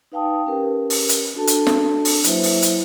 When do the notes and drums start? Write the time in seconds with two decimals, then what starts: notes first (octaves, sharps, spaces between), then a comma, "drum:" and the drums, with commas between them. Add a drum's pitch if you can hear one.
0.12 D#4 B4 F5 G5 A5 D#6
0.46 C#4 G4 A#4 B4
0.90 drum: open hi-hat
1.09 drum: hi-hat
1.34 D4 F#4 A4 A5
1.47 drum: hi-hat
1.67 drum: snare
2.05 drum: open hi-hat
2.24 F#3 A#3 E4 B4 C5 E5, drum: hi-hat
2.43 drum: open hi-hat
2.62 drum: hi-hat